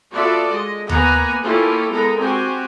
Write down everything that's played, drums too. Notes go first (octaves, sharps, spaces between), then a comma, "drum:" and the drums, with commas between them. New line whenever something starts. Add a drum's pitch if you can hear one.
B3 F4 F#4 A4 D5 E5
G#3 D#5
A#3 B3 F#5 G#5 A#5, drum: tom D#2
A#3 C#4 E4 F4 G4 A4
G#3 B3 A4 A#4 A#5
C4 F#4 G4 G#5